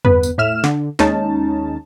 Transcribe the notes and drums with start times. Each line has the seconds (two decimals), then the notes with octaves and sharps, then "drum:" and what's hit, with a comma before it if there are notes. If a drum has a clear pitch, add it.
0.05 G1 B3 B4, drum: tom E2
0.23 drum: tambourine
0.38 A2 E5 F6 E7
0.64 D3, drum: snare
0.99 D#2 G#3 C#4 D#4 A5, drum: snare